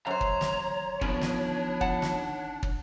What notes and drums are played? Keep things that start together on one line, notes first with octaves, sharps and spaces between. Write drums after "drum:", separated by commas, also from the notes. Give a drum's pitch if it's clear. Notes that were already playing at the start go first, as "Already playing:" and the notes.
F#2 C5 C#5 A#5
drum: kick
drum: snare
D3 F3 B3 C#4 D4, drum: kick
drum: snare
F#5 A5, drum: kick
drum: snare
drum: kick